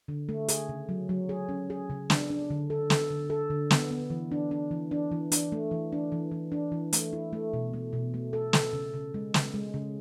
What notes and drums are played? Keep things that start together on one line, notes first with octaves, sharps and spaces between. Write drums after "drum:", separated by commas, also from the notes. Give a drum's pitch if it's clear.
D3
A3
G#4, drum: hi-hat
C#3
F#3
F#3
G#4
C#4
G#4
C#3
D4, drum: snare
D4
D3
A4
A4, drum: snare
D3
A4
D3
B3, drum: snare
B3
E3
D4
D4
E3
D4
E3
D4, drum: hi-hat
A3
E3
D4
E3
E3
D4
E3
A3, drum: hi-hat
E4
A3
B2
A3
B2
A3
A4
A4, drum: snare
C#3
C#3
G#3
C#3, drum: snare
G#3
C#3